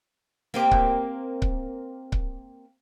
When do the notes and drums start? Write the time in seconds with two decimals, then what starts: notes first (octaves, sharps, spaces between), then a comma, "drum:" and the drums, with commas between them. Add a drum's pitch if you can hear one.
0.54 A#3 C4 G4
0.71 drum: kick C#1
1.42 drum: kick C#1
2.12 drum: kick C#1